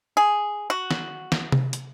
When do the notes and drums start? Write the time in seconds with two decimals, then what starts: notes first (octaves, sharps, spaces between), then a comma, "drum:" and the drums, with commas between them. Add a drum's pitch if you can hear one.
0.17 G#4
0.70 F#4
0.91 drum: snare
1.32 drum: snare
1.52 drum: tom C3
1.73 drum: hi-hat